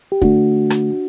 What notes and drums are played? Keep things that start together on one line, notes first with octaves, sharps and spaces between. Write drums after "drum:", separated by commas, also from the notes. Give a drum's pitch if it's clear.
G4
D3 A3 D4 F#4, drum: kick
drum: rim click